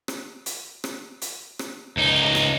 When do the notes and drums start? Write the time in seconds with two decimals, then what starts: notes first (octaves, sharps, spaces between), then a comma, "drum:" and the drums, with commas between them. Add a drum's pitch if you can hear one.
0.08 drum: rim click
0.46 drum: hi-hat
0.84 drum: rim click
1.22 drum: hi-hat
1.59 drum: rim click
1.97 C#2 D#4
2.35 drum: rim click